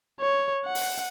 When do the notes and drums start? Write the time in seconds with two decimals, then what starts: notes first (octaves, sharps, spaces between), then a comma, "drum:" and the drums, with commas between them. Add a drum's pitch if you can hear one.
0.20 C#5
0.65 F#5
0.75 drum: open hi-hat